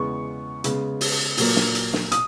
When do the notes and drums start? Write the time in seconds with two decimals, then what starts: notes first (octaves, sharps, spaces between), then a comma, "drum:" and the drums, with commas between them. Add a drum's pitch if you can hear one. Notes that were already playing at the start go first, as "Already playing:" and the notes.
Already playing: E2 C#3 G#3 B3 C#6
0.64 C#3 G#3 B3, drum: hi-hat
1.01 drum: open hi-hat
1.37 A#2 F#3 A#3, drum: open hi-hat
1.56 drum: snare
1.75 drum: hi-hat
1.93 drum: snare
2.12 D#6, drum: hi-hat